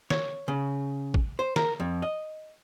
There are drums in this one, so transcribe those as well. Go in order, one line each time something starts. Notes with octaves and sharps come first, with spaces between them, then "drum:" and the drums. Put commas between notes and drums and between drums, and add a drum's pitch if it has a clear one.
C#5, drum: snare
C#3
drum: kick A1
C5
A#4, drum: snare
F2
D#5